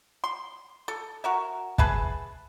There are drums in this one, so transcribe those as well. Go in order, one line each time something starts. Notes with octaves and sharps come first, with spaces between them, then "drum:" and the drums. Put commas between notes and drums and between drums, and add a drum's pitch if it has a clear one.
C6
A4
F#4 A#4 E5
G#4 B4 E5 A5, drum: kick